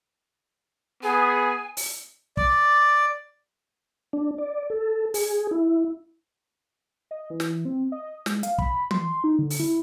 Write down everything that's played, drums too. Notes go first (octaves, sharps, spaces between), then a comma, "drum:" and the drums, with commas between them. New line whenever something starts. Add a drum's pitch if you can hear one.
B3 G#4 G#5
drum: open hi-hat
D5, drum: kick
D4
D5
A4
G#4, drum: open hi-hat
E4
D#5
E3
drum: snare
C4
D#5
G#3, drum: snare
F5, drum: hi-hat
B5, drum: kick
C6, drum: tom
D#4
D3
drum: open hi-hat
E4